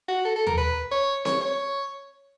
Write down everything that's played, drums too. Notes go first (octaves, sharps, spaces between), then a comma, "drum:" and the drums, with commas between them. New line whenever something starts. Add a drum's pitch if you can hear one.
F#4
A4
A4
A#4, drum: tom D#2
B4
C#5
C#5, drum: snare C4
C#5